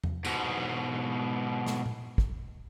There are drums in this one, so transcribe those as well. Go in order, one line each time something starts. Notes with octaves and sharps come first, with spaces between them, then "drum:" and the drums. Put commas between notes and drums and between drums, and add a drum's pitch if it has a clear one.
drum: tom E2
G#2 B2, drum: tambourine
drum: snare
drum: tom A#2
drum: kick